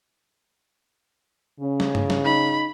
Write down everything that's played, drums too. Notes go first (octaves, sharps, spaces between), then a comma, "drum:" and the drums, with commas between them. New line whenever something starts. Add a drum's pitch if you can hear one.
C#3 C#4
drum: snare
drum: tom G2
drum: snare
D#4 B5